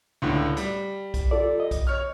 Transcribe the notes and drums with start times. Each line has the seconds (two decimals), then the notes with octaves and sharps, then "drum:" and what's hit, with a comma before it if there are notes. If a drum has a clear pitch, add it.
0.22 C#2 A2 D3
0.57 G3, drum: hi-hat
1.14 drum: kick B1, hi-hat
1.31 F4 A4 D5
1.60 D#5
1.71 drum: kick B1, hi-hat
1.87 C#5 F6